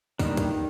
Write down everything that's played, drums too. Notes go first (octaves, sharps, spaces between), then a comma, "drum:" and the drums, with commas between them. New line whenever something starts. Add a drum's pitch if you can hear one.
D#3 E3 G3 A#3 D4, drum: kick, open hi-hat
drum: kick, hi-hat